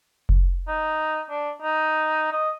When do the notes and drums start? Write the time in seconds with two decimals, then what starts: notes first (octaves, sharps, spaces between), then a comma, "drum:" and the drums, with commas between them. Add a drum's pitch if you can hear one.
0.29 drum: kick F1
0.68 D#4
1.30 D4
1.62 D#4
2.32 D#5